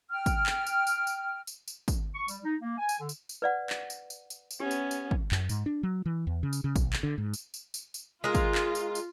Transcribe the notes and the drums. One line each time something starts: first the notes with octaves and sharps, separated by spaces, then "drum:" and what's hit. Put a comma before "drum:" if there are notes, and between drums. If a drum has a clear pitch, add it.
G5 F6
drum: kick, tambourine
drum: clap
drum: tambourine
drum: tambourine
drum: tambourine
drum: tambourine
drum: tambourine
drum: kick, tambourine
C#6
G3, drum: tambourine
D#4
A#3
G#5
drum: tambourine
D3
drum: tambourine
drum: tambourine
B4 D5 F#5
drum: clap
drum: tambourine
drum: tambourine
drum: tambourine
drum: tambourine
B3 C#4 G4
drum: tambourine
drum: tambourine
drum: kick
F#2, drum: clap
G#2, drum: tambourine
D4
F#3
E3
E2
C#3
drum: tambourine
C#3
B1, drum: kick, tambourine
drum: clap
D3
G#2
drum: tambourine
drum: tambourine
drum: tambourine
drum: tambourine
G#3 F4 A#4
drum: kick, tambourine
drum: clap
drum: tambourine
drum: tambourine